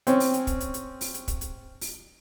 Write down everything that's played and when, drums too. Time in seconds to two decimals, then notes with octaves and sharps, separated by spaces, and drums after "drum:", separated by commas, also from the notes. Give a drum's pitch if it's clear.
0.07 C4 C#4, drum: hi-hat
0.20 drum: open hi-hat
0.34 drum: hi-hat
0.47 drum: kick, hi-hat
0.60 drum: hi-hat
0.74 drum: hi-hat
1.01 drum: open hi-hat
1.14 drum: hi-hat
1.28 drum: kick, hi-hat
1.41 drum: hi-hat
1.81 drum: open hi-hat